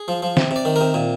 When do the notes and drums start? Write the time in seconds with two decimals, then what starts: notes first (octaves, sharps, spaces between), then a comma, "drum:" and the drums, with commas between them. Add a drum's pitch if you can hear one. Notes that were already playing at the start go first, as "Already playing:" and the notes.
Already playing: G#4
0.08 F3
0.22 F3
0.37 C3, drum: snare
0.51 C3
0.56 D5
0.65 D#3
0.76 A#4
0.81 C3
0.94 A#2